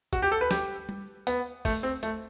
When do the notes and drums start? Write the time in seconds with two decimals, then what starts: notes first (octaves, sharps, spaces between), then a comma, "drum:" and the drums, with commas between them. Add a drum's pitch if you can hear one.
0.13 F#4, drum: kick, hi-hat
0.22 G4
0.32 A4
0.41 B4
0.51 G4, drum: snare
0.89 drum: tom G3
1.27 B3, drum: hi-hat
1.65 A3, drum: kick, open hi-hat
1.83 C4
2.03 A3, drum: hi-hat